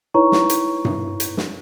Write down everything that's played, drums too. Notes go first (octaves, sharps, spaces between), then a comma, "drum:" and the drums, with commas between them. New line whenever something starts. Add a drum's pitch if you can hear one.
D#4 E4 B4 C#5 A#5 C#6
drum: snare
drum: hi-hat
drum: tom G2
drum: hi-hat
drum: snare